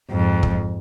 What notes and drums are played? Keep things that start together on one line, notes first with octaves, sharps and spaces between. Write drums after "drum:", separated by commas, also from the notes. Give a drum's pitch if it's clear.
F2 G#2
drum: kick